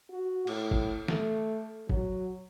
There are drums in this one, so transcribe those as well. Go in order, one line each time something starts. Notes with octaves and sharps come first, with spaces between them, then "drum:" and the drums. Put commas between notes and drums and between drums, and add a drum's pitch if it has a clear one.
F#4
A2, drum: cymbal
drum: kick G#1
A3, drum: snare
F#3, drum: kick G#1